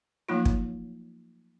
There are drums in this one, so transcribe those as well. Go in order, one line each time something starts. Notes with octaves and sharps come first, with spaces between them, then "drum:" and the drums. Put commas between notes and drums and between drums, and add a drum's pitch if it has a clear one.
F3 F#3 A3 A#3 D#4 F4
drum: kick